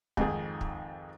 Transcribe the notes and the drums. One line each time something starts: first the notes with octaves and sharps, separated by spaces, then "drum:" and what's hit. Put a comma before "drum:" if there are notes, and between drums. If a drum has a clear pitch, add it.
F2 G#2 D#3 G#4, drum: kick
drum: kick